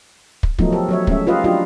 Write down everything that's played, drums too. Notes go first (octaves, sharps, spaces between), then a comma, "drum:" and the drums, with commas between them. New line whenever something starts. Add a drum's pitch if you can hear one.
drum: kick
F3 F#3 A3 B3 D#4, drum: kick
G4 A4 A#4
F#3 C#5 E5
G#3 A3 C#4 E5, drum: kick
F4 G4 B4 D#5 F5
F#3 D4 D#4 F4 G4 D#5